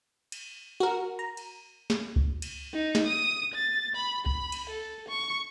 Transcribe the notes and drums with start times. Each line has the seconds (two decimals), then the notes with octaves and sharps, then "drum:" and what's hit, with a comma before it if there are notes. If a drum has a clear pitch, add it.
0.32 drum: cymbal
0.80 F#4 A#4
1.19 A#5
1.37 drum: cymbal
1.90 drum: snare
2.16 drum: kick C#2
2.42 drum: cymbal
2.73 D#4
2.95 drum: snare
3.07 D#6
3.54 A6
3.96 B5
4.26 B5, drum: kick C#2
4.52 drum: cymbal
4.70 A4
5.09 C#6